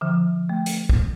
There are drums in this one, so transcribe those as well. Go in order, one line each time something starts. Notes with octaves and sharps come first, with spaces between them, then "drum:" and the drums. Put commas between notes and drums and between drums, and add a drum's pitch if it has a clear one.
D3 F3
A3
drum: hi-hat
drum: kick